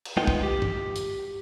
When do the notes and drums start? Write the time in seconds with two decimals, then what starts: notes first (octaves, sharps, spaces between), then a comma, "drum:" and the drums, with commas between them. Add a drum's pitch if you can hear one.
0.05 drum: cymbal
0.17 G#3 B3 D#4 F4 G5
0.27 drum: kick
0.43 G4
0.62 drum: tom G2
0.96 drum: hi-hat